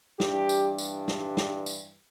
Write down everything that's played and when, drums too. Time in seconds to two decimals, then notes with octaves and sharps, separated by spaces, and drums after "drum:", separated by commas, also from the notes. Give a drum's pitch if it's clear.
0.20 G2 E3 G3 D4 G4, drum: snare
0.49 drum: tambourine
0.78 drum: tambourine
1.08 drum: snare
1.37 drum: snare
1.66 drum: tambourine